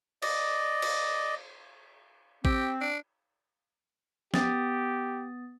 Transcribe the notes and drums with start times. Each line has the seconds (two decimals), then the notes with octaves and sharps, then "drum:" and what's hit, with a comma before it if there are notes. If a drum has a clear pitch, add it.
0.22 D5 D#5, drum: cymbal
0.82 drum: cymbal
2.45 C4 G4, drum: kick A1
2.81 D4
4.34 B3 G4 D#6 A6, drum: snare